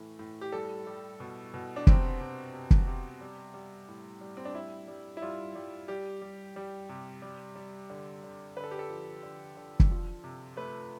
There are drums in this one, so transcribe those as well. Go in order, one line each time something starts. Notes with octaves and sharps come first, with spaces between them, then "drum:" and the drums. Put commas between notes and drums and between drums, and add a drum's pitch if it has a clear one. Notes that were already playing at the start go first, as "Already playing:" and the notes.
Already playing: A2 E3 A3
A2
G4
G3 A4
G3
B2
B2
D4
C3 C4, drum: kick
C3
C3
drum: kick
C3
G3
G3
A2
G3
C4
D4
G3 E4
G3
E4
G3 F4
G3
G3 G4
G3
G3
C3
G3
G3
D3
D3
D3 B4
A4
G4
A4
F3
D3
D3
drum: kick
F3
C3
A3 B4